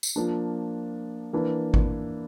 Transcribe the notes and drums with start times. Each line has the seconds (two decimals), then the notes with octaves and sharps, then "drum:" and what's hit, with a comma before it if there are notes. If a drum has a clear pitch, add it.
0.03 drum: tambourine
0.16 F3 A#3 D4
1.33 E3 A#3 D4
1.74 drum: kick G#1